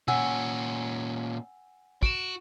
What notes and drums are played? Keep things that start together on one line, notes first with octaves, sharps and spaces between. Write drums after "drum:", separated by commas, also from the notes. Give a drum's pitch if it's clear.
A#2 C#4 F#5 G#5 E6, drum: tom
F#4 D7 E7, drum: kick